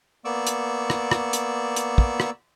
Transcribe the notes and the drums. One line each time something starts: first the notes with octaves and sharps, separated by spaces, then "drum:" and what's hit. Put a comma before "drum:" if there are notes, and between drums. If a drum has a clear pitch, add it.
A#3 B3 D5 C#6 D6 E6
drum: hi-hat
drum: rim click
drum: rim click
drum: hi-hat
drum: hi-hat
drum: kick
drum: rim click